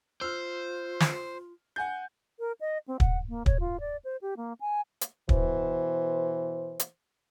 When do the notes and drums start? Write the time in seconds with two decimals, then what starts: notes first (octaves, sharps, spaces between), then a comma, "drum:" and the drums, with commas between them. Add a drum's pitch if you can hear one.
0.21 F4 C5 E6 F6
1.00 drum: snare
1.76 F#5 G#5 G6
2.39 A#4
2.60 D#5
2.88 C4
3.00 F#5, drum: kick
3.29 A#3
3.46 C#5, drum: kick
3.60 F4
3.80 D5
4.04 C5
4.22 G4
4.37 A#3
4.61 G#5
5.01 drum: hi-hat
5.29 B2 E3 C5, drum: kick
6.80 drum: hi-hat